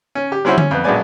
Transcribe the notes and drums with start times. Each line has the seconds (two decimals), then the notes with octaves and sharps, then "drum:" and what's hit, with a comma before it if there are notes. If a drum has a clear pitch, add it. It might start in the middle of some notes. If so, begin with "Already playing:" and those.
0.15 C#4
0.32 G4
0.45 G3 C4 C#4 E4 F#4 C5
0.58 C#4, drum: tom D3
0.71 F2 B3
0.84 A#1 F#3 G#3 B3 D5 G#5